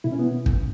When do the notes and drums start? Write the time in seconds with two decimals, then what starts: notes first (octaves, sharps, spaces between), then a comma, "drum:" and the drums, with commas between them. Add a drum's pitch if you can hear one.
0.04 B2 E4
0.12 C#4
0.19 B3
0.46 drum: kick